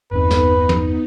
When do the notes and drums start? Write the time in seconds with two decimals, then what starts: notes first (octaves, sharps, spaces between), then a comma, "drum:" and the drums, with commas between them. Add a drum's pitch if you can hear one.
0.11 G1 E2 B3 C4 D#4 B4
0.31 drum: snare
0.69 drum: tom